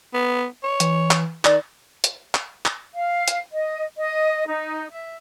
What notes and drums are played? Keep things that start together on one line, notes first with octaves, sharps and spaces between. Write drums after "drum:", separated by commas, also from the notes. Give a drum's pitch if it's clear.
B3
C#5
E3, drum: hi-hat
drum: clap
D#3 D5, drum: clap
drum: hi-hat
drum: clap
drum: clap
F5
drum: hi-hat
D#5
D#5
D#4
E5